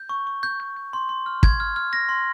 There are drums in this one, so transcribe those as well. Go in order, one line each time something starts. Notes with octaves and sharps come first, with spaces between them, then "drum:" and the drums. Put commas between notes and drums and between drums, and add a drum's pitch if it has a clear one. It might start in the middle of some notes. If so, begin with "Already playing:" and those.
Already playing: G6
C#6
C#6
G6
G6
G6
C6
C6
F6
C6 G#6, drum: kick
F6
F6
F6 A#6
C6